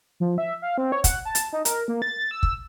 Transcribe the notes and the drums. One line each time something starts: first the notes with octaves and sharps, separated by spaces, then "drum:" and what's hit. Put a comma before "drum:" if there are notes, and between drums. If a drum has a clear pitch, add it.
F3
E5
F5
C4
C#5
F#5, drum: kick, hi-hat
A5
drum: hi-hat
D#4
A#4, drum: hi-hat
A#3
A6
E6
drum: kick